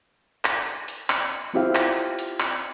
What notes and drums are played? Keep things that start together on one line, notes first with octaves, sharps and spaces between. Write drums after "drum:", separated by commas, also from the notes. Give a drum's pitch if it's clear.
drum: clap
drum: hi-hat
drum: clap
C4 E4 F4 G4 C5 F5
drum: clap
drum: hi-hat
drum: clap